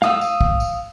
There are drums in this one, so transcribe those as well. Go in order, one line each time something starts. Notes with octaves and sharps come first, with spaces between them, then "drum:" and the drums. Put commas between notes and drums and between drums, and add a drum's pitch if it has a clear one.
F5 D#6 E6, drum: snare
drum: tambourine
drum: kick
drum: tambourine